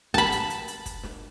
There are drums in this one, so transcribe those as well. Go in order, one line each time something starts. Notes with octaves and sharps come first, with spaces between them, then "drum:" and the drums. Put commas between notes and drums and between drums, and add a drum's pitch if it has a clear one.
A5 B5, drum: snare
drum: hi-hat
drum: hi-hat
drum: hi-hat
drum: kick, hi-hat
drum: snare